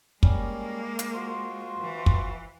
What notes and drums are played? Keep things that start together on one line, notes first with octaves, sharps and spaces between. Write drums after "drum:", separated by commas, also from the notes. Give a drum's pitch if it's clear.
G3 G#3 A#3 C#4, drum: kick
drum: hi-hat
F4 F#4 C5
E3
drum: kick